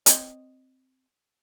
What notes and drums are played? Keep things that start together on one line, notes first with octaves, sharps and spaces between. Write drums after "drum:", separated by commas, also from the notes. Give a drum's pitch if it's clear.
C4 C#5 D#5, drum: hi-hat